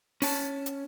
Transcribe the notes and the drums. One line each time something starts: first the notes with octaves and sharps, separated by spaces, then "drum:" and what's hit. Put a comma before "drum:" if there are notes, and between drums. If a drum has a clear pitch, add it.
C#4 A5, drum: open hi-hat
drum: hi-hat